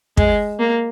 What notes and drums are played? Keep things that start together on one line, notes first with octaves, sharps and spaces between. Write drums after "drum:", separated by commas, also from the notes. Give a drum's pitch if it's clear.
G#3, drum: kick
A#3